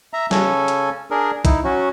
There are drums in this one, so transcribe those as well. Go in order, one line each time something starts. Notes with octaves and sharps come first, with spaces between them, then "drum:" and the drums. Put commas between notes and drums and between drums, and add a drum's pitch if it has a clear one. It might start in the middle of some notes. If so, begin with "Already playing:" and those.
E5 A#5
C#3 C#4 A4 G#5, drum: snare
drum: hi-hat
D4 G#4 A#4
D#4 E4, drum: kick B1, hi-hat
F#3 C#4 F#4